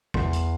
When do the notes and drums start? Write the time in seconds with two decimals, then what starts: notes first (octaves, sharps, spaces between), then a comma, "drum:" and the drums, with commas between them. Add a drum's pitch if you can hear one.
0.14 E2 C6, drum: kick
0.33 drum: hi-hat